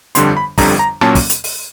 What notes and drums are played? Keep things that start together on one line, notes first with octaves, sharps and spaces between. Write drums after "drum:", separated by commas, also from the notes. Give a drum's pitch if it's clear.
G1 F2 D3 G3 C6, drum: hi-hat
B5
G1 F2 D3 G3 A#5, drum: kick, open hi-hat
A#5
A#2 F#3 A#3 C#4 A5, drum: rim click
drum: kick, open hi-hat
drum: hi-hat
drum: open hi-hat